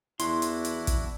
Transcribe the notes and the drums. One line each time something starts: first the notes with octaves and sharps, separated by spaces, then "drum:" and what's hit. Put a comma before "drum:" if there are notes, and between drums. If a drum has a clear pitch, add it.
E2 D4 E4 F#4 E5 C6, drum: hi-hat
drum: hi-hat
drum: hi-hat
drum: kick, hi-hat